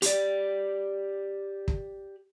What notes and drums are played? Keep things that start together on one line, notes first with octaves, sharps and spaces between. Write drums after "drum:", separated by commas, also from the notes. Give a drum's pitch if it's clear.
G4 D5, drum: hi-hat
drum: kick